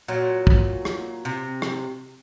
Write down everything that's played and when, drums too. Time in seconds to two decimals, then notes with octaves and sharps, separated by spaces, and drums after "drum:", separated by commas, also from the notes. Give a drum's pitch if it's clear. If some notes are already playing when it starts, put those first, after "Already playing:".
0.08 A#2 F#3
0.47 drum: kick
0.85 drum: rim click
1.25 C3
1.62 drum: rim click